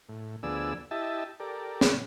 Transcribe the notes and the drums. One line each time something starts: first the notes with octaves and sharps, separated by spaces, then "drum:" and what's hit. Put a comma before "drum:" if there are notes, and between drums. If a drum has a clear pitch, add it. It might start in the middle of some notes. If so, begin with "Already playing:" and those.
A2
D2 F3 B3 G#4 D5 E6
E4 G4 D#5 E5 A5
G4 A4 A#4 D5
drum: snare